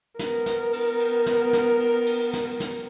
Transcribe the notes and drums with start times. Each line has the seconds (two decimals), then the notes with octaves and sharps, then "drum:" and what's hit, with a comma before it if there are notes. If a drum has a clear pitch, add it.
0.19 B3 A#4, drum: snare
0.46 drum: snare
0.73 drum: cymbal
1.00 drum: cymbal
1.26 drum: snare
1.53 drum: snare
1.80 drum: cymbal
2.07 drum: cymbal
2.33 drum: snare
2.60 drum: snare